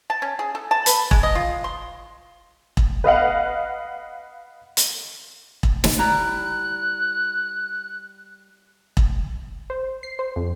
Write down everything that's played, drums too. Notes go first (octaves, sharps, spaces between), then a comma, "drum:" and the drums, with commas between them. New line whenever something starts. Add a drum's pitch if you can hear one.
A5
C#4
G#4
A4
A5
B4, drum: hi-hat
G#3, drum: kick E1
D#5
F4
C6
drum: kick E1
B4 D#5 F5 F#5
drum: hi-hat
drum: kick E1
drum: snare
G3 E4 A#5 F#6
drum: kick E1
C5
C7
C5
F2